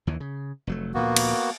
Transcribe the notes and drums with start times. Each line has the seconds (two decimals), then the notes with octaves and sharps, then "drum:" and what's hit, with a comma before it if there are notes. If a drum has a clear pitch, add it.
0.07 D#2 D#3 E3
0.20 C#3
0.67 F1 F#3 A3
0.94 D2 A#2 F3 A#3 B3 F#4
1.16 drum: cymbal